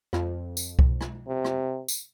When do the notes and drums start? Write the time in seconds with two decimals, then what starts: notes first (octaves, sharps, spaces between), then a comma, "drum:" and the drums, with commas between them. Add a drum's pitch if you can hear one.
0.13 F2, drum: rim click
0.57 drum: tambourine
0.79 drum: kick C2
1.01 drum: rim click
1.28 C3
1.45 drum: rim click
1.88 drum: tambourine